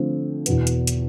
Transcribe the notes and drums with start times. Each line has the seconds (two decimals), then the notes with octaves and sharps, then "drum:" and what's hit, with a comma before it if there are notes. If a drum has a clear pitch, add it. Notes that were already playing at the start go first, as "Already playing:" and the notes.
Already playing: D3 F3 A3 C4
0.46 E2 B2 B3, drum: hi-hat
0.67 drum: hi-hat
0.87 drum: hi-hat